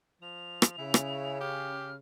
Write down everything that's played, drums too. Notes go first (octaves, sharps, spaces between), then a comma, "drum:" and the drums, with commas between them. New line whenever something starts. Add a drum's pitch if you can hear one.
F3 F7
drum: rim click
C#3 E4
drum: rim click
G4 F6